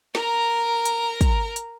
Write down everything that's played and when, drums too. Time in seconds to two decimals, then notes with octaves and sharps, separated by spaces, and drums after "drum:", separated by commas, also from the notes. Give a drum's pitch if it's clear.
0.15 A#4 A#5, drum: snare
0.85 drum: hi-hat
1.21 drum: kick, hi-hat
1.56 drum: hi-hat